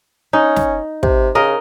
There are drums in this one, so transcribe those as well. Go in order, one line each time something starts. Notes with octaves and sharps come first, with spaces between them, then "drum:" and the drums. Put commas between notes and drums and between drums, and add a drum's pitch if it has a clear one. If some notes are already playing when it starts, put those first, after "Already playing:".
C#4 D#4
drum: snare
C3, drum: kick
C#3 A#4 D#5